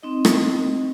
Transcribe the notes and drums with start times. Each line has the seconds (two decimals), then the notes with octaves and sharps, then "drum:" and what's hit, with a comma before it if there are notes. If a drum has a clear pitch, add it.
0.03 C4 D#4 D#5
0.25 drum: rim click